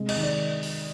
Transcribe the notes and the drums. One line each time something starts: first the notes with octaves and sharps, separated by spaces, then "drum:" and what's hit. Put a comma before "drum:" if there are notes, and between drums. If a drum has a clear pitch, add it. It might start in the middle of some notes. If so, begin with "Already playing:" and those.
Already playing: C3 G#3
D#5, drum: cymbal
D#3
D5
drum: open hi-hat